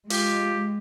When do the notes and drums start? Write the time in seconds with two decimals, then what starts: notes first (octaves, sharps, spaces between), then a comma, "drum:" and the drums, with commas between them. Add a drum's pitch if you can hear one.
0.10 G#3 F4 G4, drum: open hi-hat